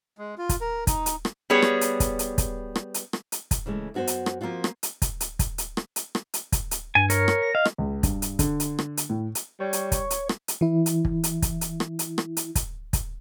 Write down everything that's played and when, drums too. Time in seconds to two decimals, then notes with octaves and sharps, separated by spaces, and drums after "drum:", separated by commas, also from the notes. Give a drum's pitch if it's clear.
0.18 G#3
0.38 F4
0.49 drum: kick, hi-hat
0.61 A#4
0.87 D#4, drum: kick, hi-hat
1.06 drum: hi-hat
1.25 drum: rim click
1.50 G3 B3 G#4 C#5
1.62 drum: rim click
1.81 drum: hi-hat
2.00 drum: kick, hi-hat
2.19 drum: hi-hat
2.38 drum: kick, hi-hat
2.76 drum: rim click
2.94 drum: hi-hat
3.13 drum: rim click
3.32 drum: hi-hat
3.51 drum: kick, hi-hat
3.66 C#3 E3 G#3 A3
3.94 F#2 B3 F#4 G4 C5
4.07 drum: hi-hat
4.26 drum: rim click
4.41 F3 A#3 C4 F4 F#4
4.64 drum: rim click
4.83 drum: hi-hat
5.02 drum: kick, hi-hat
5.20 drum: hi-hat
5.39 drum: kick, hi-hat
5.58 drum: hi-hat
5.77 drum: rim click
5.96 drum: hi-hat
6.15 drum: rim click
6.34 drum: hi-hat
6.52 drum: kick, hi-hat
6.71 drum: hi-hat
6.95 G2 G#5
7.10 A#4 C#5, drum: hi-hat
7.28 drum: rim click
7.42 A#6
7.55 D#5 F5
7.65 drum: rim click
7.78 C#2
8.03 G2, drum: kick, hi-hat
8.22 drum: hi-hat
8.39 D3, drum: kick, hi-hat
8.60 drum: hi-hat
8.79 drum: rim click
8.97 drum: hi-hat
9.10 A2
9.35 drum: hi-hat
9.60 G3 C#5
9.73 drum: hi-hat
9.92 drum: kick, hi-hat
10.10 drum: hi-hat
10.29 drum: rim click
10.48 drum: hi-hat
10.61 E3 E4
10.86 drum: hi-hat
11.05 drum: kick
11.24 drum: hi-hat
11.42 drum: kick, hi-hat
11.61 drum: hi-hat
11.80 drum: rim click
11.99 drum: hi-hat
12.18 drum: rim click
12.37 drum: hi-hat
12.55 drum: kick, hi-hat
12.93 drum: kick, hi-hat